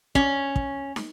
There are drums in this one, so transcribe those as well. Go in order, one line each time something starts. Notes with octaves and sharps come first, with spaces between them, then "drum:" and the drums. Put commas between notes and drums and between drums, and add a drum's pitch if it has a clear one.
C#4, drum: kick
drum: kick
drum: snare